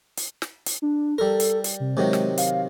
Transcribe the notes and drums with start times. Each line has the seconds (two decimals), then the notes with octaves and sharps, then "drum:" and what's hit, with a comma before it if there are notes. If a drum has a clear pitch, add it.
0.17 drum: hi-hat
0.42 drum: snare
0.66 drum: hi-hat
0.82 D4
1.18 G3 A4 A#4
1.40 drum: hi-hat
1.64 drum: hi-hat
1.80 C3
1.97 C3 D#3 F#3 G#3
2.13 drum: snare
2.38 F5, drum: hi-hat